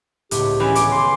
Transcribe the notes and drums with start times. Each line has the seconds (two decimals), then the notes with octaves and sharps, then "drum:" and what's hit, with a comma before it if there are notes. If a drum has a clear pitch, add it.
0.31 C#2 A2 B3 G4, drum: hi-hat
0.60 E3 C#4 G5
0.75 D#1 B3 D6, drum: hi-hat
0.91 C6